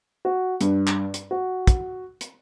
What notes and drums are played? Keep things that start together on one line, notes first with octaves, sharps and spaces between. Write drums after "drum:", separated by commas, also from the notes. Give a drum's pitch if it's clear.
F#4
G2, drum: hi-hat
drum: clap
drum: hi-hat
F#4
drum: kick, hi-hat
drum: hi-hat